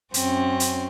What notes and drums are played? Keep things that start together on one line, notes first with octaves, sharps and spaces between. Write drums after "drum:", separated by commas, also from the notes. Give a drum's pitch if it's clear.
F#2 C4 C#4, drum: hi-hat
drum: hi-hat